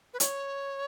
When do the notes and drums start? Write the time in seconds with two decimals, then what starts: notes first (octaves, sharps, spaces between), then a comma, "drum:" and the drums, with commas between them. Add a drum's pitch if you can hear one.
0.14 B4
0.20 C#5, drum: hi-hat